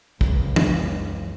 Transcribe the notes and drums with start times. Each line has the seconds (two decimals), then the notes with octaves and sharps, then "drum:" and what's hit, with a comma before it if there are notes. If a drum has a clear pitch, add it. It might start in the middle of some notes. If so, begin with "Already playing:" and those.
0.21 F#1 C#2, drum: kick
0.56 drum: tom